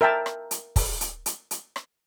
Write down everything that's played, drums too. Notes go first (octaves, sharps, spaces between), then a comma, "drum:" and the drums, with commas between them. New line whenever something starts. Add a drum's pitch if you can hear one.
A#4 E5 G5 A5
drum: rim click
drum: hi-hat
drum: kick, open hi-hat
drum: hi-hat
drum: hi-hat
drum: hi-hat
drum: rim click